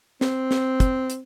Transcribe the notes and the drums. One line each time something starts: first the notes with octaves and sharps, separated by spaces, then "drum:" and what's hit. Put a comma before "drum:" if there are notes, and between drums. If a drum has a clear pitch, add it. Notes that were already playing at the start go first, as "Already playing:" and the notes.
C4, drum: snare
drum: snare
drum: kick, hi-hat
drum: hi-hat